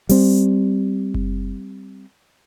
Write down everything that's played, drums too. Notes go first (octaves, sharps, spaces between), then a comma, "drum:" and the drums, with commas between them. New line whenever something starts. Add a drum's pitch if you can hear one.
G3 C4, drum: open hi-hat
drum: kick F#1